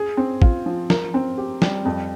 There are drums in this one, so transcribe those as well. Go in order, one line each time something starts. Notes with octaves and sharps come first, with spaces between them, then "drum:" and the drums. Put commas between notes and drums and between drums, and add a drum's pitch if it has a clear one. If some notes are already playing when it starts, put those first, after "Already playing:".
Already playing: G#4
C4
F4, drum: kick
F3
A#4, drum: snare
C4
G4
G3, drum: snare
F2